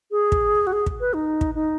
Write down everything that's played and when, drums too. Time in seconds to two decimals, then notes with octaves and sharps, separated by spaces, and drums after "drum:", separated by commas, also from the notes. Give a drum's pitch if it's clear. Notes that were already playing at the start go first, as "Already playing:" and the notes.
0.11 G#4
0.32 drum: kick
0.67 F#4
0.73 G#4
0.86 drum: kick
1.00 B4
1.14 D#4
1.41 drum: kick
1.55 D#4